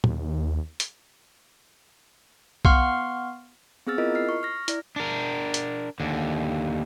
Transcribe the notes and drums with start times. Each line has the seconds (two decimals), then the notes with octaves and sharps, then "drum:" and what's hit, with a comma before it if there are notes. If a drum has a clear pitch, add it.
0.04 D#2, drum: tom
0.80 drum: hi-hat
2.65 B3 F5 F#5 C6 C#6 F6, drum: kick
3.87 B3 C4 G#4 E6 F6 A6
3.98 E4 F4 A#4 D#5
4.15 F6 C7
4.29 C#6
4.43 F6 A#6
4.68 E4 D5, drum: hi-hat
4.96 D4 A#4
5.54 drum: hi-hat
6.00 D#2 D3